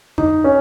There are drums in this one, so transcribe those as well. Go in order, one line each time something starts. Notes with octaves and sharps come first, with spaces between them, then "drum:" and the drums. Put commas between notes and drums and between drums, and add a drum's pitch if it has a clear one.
D#4, drum: tom F2
C#4